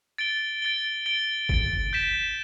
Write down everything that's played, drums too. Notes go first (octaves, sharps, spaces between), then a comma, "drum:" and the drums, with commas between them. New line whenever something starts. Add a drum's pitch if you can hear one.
A6 D7 G7
A6 D7 G7
A6 D7 G7
A6 D7 G7, drum: kick G1
G6 B6 E7